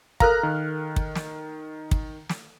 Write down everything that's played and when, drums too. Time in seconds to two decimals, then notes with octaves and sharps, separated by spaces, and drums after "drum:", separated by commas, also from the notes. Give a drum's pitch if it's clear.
0.20 A4 A#4 F5 A#5 F6 F#6, drum: kick
0.43 D#3
0.96 drum: kick
1.15 drum: snare
1.91 drum: kick
2.29 drum: snare